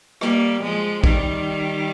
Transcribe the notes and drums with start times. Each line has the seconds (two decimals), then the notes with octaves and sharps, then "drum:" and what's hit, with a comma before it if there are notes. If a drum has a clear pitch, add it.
0.21 G3 A#3, drum: rim click
0.62 F3 G#3
1.04 D#3 G3, drum: kick